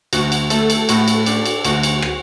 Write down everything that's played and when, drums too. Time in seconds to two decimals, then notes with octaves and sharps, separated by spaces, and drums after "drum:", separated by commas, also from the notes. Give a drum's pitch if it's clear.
0.13 D2 F#4, drum: cymbal
0.32 drum: cymbal
0.50 A3 A4, drum: cymbal
0.70 drum: cymbal
0.89 A2 F#4, drum: cymbal
1.08 drum: cymbal
1.26 D4, drum: cymbal
1.46 drum: cymbal
1.65 D2 F#4, drum: cymbal
1.83 drum: cymbal
2.02 drum: rim click